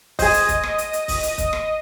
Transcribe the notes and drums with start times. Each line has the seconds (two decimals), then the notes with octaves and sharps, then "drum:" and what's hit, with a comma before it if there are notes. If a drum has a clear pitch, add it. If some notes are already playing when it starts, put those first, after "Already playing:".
0.19 G#4 C5 D#5, drum: kick, open hi-hat
0.34 drum: hi-hat
0.49 drum: kick, hi-hat
0.63 drum: rim click
0.78 drum: hi-hat
0.93 drum: hi-hat
1.08 drum: kick, open hi-hat
1.23 drum: hi-hat
1.38 drum: kick, hi-hat
1.53 drum: rim click